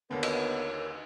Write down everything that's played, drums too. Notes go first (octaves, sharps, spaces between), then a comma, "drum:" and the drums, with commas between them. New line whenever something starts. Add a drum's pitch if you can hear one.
D#2 D3 B3 A#4 C#5
drum: cymbal